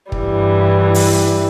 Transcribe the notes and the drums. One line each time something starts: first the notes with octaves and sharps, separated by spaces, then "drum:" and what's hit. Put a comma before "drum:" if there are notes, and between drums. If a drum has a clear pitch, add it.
G2 E3 G3, drum: kick
drum: open hi-hat